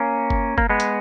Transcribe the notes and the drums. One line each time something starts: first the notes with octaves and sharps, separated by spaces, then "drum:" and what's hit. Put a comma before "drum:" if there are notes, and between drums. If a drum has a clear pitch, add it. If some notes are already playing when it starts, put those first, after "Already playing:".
Already playing: A#3 C#4
drum: kick G1
A#3, drum: kick G1
G#3 B3
drum: hi-hat